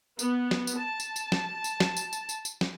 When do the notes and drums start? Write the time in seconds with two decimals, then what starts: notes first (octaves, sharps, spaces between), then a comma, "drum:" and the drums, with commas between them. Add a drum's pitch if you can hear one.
0.19 B3, drum: tambourine
0.51 drum: snare
0.67 drum: tambourine
0.78 A5
1.00 drum: tambourine
1.16 drum: tambourine
1.32 drum: snare
1.64 drum: tambourine
1.80 drum: snare
1.97 drum: tambourine
2.13 drum: tambourine
2.29 drum: tambourine
2.45 drum: tambourine
2.61 drum: snare